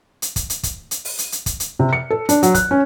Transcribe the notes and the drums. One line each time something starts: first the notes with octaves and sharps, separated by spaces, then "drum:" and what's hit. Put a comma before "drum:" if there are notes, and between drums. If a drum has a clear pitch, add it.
drum: hi-hat
drum: kick, hi-hat
drum: hi-hat
drum: kick, hi-hat
drum: hi-hat
drum: open hi-hat
drum: hi-hat
drum: hi-hat
drum: kick, hi-hat
drum: hi-hat
C3
C#7
A4
D4, drum: hi-hat
F#3, drum: hi-hat
F#6, drum: kick, hi-hat
C#4